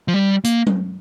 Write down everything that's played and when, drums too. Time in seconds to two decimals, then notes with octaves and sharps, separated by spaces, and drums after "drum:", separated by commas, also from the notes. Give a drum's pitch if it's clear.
0.08 F3
0.14 G3
0.44 A#3, drum: hi-hat
0.67 drum: tom F#3